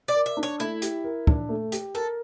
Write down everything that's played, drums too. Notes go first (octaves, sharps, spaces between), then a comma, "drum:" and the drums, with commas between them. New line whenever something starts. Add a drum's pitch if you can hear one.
D5
A#4
E5
D4
C#5
A3 E4
G4, drum: hi-hat
A#4
D4, drum: kick
A3
G4, drum: hi-hat
A4 A#4